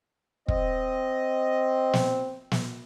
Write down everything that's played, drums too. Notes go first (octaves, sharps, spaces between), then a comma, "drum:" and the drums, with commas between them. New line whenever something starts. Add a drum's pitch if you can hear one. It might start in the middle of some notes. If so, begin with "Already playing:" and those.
C4 D#5, drum: kick
drum: snare
drum: snare